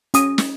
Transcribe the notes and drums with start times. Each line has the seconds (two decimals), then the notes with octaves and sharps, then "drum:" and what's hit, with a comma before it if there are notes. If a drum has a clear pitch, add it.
0.14 C#4 D#6, drum: hi-hat
0.38 drum: snare